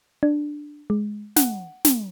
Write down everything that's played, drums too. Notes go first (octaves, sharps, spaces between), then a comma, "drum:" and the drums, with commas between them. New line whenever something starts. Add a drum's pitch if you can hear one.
D4
G#3
F#5, drum: snare
drum: snare